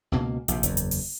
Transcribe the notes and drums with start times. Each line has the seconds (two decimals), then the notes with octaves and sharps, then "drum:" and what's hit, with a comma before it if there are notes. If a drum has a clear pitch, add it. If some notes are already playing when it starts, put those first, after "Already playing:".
0.12 C#2 B2 A#3
0.48 A#1 C3, drum: hi-hat
0.63 F#1 E2, drum: hi-hat
0.77 drum: hi-hat
0.91 drum: open hi-hat